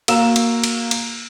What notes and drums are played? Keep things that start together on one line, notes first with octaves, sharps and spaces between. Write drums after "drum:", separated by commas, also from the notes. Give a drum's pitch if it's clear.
A#3 F#4 F5 A#5 E6 E7, drum: cymbal
drum: cymbal
drum: cymbal
drum: cymbal